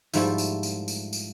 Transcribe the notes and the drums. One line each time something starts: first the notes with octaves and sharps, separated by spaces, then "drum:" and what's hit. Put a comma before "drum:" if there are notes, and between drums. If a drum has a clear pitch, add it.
G#2 F3 G3 A3 E4, drum: tambourine
drum: tambourine
drum: tambourine
drum: tambourine
drum: tambourine